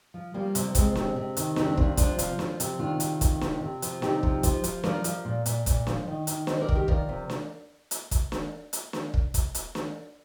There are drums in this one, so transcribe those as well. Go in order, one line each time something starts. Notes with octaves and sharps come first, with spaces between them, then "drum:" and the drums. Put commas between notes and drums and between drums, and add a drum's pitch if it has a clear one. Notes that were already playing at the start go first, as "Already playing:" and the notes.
F3
F3 G3 A#3
C3, drum: hi-hat
F3 G#3 C4, drum: kick, hi-hat
C3, drum: snare
C3
D#3, drum: hi-hat
C3 D#4, drum: snare
D4
C4
C3 A#3 D4, drum: kick
F3 D4 F4, drum: kick, hi-hat
F3, drum: hi-hat
F3, drum: snare
C3, drum: hi-hat
D#3 D4 F4
C3, drum: hi-hat
D#3, drum: kick, hi-hat
C3, drum: snare
C3
F3, drum: hi-hat
C3 D#4 G4, drum: snare
F3, drum: kick
F3, drum: kick, hi-hat
F3, drum: hi-hat
F3 A#4 D5, drum: snare
F3, drum: hi-hat
A#2
A#2, drum: hi-hat
A#2, drum: kick, hi-hat
F3, drum: snare
D#3
D#3, drum: hi-hat
D#3 C5 D#5, drum: snare
A#4 D5
D#3, drum: kick
G4 A#4
F3 A#4 D5, drum: kick
C3
drum: snare
drum: hi-hat
drum: kick, hi-hat
drum: snare
drum: hi-hat
drum: snare
drum: kick
drum: kick, hi-hat
drum: hi-hat
drum: snare